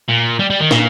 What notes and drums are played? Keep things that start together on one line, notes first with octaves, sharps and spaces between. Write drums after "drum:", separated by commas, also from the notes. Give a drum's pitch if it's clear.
A#2
G3
G3
D#3
A#2, drum: snare